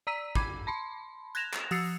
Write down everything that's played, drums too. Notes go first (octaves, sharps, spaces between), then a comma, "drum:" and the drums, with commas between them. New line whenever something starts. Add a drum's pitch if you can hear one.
D5 A#5 E6 B6 D#7
B5 D6 G#6, drum: kick
A5 B5 C6
F#6 G#6 A#6 E7 F7, drum: tambourine
drum: clap
F3 D#6 E6 A6 C7 C#7, drum: open hi-hat